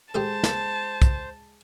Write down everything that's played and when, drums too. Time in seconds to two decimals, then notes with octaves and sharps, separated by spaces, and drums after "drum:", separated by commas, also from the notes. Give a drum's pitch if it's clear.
0.15 G#3 D#4 G4 A4 C5 A5
0.44 drum: snare
1.02 drum: kick, hi-hat